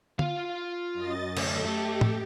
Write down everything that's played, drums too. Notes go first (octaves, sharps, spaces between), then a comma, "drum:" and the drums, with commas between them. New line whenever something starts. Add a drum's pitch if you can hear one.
F4 F5, drum: tom D3
F#2 D#5 A6
D2 A3 C#4, drum: cymbal
A3 G4 A4
drum: tom A2